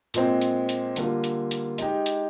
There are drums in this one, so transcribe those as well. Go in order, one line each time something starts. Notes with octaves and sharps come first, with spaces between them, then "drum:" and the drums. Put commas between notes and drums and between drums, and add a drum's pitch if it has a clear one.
A#2 G#3 C4, drum: hi-hat
drum: hi-hat
drum: hi-hat
D3 G3 A#3 F4, drum: hi-hat
drum: hi-hat
drum: hi-hat
G#3 D#4 G4, drum: hi-hat
drum: hi-hat